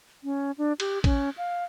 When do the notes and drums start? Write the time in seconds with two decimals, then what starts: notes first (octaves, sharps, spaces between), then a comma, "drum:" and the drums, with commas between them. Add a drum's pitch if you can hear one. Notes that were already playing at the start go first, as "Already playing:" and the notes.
0.24 C#4
0.58 D4
0.80 G4, drum: cymbal
1.04 C#4, drum: kick, cymbal
1.37 F5